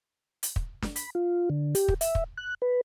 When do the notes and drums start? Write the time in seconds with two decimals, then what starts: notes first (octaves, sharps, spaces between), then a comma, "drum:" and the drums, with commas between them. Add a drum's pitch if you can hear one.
0.43 drum: hi-hat
0.56 drum: kick
0.82 drum: snare
0.96 B5, drum: hi-hat
1.15 F4
1.50 D3
1.75 G4, drum: hi-hat
1.88 drum: kick
2.01 E5, drum: hi-hat
2.15 drum: kick
2.37 F#6
2.62 B4